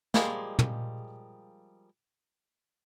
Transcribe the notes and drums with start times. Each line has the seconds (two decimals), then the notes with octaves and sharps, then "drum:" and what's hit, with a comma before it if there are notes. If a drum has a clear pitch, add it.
0.14 F3 G3 G#3 A#3 G#4, drum: snare
0.59 drum: tom